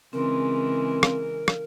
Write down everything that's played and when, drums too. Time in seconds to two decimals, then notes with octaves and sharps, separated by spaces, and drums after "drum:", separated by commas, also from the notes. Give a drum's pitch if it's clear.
0.13 C#3 E3 G#3 C4 A#4 C6
1.03 drum: rim click
1.48 drum: rim click